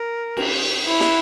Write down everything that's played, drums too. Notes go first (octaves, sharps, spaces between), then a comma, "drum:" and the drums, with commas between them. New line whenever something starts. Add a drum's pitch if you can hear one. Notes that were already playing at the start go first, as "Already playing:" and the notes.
Already playing: A#4
drum: cymbal
E4
drum: snare